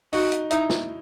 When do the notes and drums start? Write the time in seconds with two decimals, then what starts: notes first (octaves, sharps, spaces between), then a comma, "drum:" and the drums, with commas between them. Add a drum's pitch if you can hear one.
0.13 D#4 F#4, drum: open hi-hat
0.32 drum: hi-hat
0.51 D#4 E4, drum: hi-hat
0.69 drum: snare